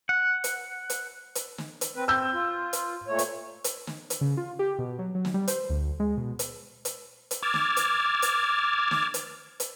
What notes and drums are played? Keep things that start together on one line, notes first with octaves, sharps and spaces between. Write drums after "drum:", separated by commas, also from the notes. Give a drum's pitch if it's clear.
F#5
drum: hi-hat
drum: hi-hat
drum: hi-hat
drum: snare
drum: hi-hat
C4 B4
C4 E6 G6
F4
drum: hi-hat
A#2 A3 C#5
drum: hi-hat
drum: hi-hat
drum: snare
drum: hi-hat
C#3
F4
G4
B2
F#3
F#3
drum: snare
G3
C5, drum: hi-hat
D2
G#3
B2
drum: hi-hat
drum: hi-hat
drum: hi-hat
D6 E6 F6 G#6 A6
drum: snare
drum: hi-hat
drum: hi-hat
drum: snare
drum: hi-hat
drum: hi-hat